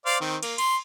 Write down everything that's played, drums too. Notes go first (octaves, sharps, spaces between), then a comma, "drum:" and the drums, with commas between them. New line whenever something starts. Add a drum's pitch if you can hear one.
C5 D5 F5
D#3 C4
A#3, drum: cymbal
C6, drum: cymbal